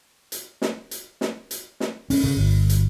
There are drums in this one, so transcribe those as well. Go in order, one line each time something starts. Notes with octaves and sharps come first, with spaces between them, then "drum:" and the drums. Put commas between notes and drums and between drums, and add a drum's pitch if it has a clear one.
drum: hi-hat
drum: snare
drum: hi-hat
drum: snare
drum: hi-hat
drum: snare
C#4, drum: open hi-hat
C#3
G1
drum: hi-hat